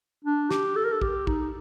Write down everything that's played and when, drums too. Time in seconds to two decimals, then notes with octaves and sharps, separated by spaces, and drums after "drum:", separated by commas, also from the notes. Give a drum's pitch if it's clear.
0.25 D4
0.51 G4, drum: snare
0.76 A4
0.85 A#4
0.93 A4
1.02 G4, drum: kick
1.27 D#4, drum: kick